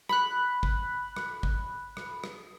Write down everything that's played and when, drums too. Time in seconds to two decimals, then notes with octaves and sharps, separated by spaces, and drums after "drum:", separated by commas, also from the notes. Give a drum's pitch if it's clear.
0.09 B5 F#6, drum: rim click
0.63 drum: kick G#1
1.16 drum: rim click
1.43 drum: kick G#1
1.97 drum: rim click
2.24 drum: rim click